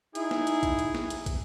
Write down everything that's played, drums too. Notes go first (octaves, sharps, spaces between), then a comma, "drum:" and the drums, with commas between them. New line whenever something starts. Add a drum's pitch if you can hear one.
D#4 E4 G#4, drum: hi-hat
drum: snare
drum: hi-hat
drum: kick, hi-hat
drum: hi-hat
drum: snare
drum: hi-hat
drum: kick, hi-hat